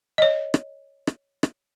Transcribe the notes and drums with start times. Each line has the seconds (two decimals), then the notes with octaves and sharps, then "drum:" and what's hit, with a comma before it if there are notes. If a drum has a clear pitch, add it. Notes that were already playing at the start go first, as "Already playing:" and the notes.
0.18 C#5 D#5
0.54 drum: rim click
1.07 drum: rim click
1.43 drum: rim click